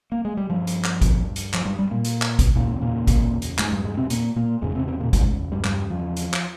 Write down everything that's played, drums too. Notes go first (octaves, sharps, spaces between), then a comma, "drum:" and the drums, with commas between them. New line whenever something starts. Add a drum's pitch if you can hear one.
A#3
G#3
G3
G2 F3
drum: hi-hat
drum: clap
drum: kick G#1, hi-hat
drum: hi-hat
F3, drum: clap
G2 G3
G2 G3
A#2 A#3
drum: hi-hat
drum: clap
drum: kick G#1, hi-hat
E2 A#2 C#3 A#3
C4
A#2 A#3
drum: kick G#1, hi-hat
drum: hi-hat
G#2 G#3, drum: clap
G2 G3
G#2 G#3
C3 C4
A#2 A#3, drum: hi-hat
A#2 A#3
E2 G#2 C#3 G#3
C3 C4
C3 C4
A#2 A#3
G#2 G#3, drum: kick G#1, hi-hat
G2 G3
G2 G3, drum: clap
F3
drum: hi-hat
drum: clap